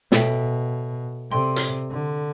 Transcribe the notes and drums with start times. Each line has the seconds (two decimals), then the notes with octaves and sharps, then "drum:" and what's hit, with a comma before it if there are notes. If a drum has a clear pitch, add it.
0.12 B2 A4 C#5 E5 G5, drum: snare
1.31 C3 A4 D5 G5 C6
1.56 drum: hi-hat
1.91 D3